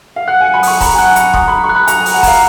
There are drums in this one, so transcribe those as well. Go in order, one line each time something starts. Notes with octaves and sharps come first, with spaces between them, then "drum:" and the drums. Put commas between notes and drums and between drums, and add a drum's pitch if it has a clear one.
F5
F#5 F#6
G#5 C#7
B5
C#6 D#6, drum: open hi-hat
A#5 B5, drum: kick, open hi-hat
G#5
F#5 F#6
A#5 C#7, drum: hi-hat
C#6 D#6, drum: kick
A#5 B5
C#6
F#6
B5
A#5 C#7, drum: hi-hat
G#5
D#6, drum: open hi-hat
F#5
F5 A#5, drum: kick, open hi-hat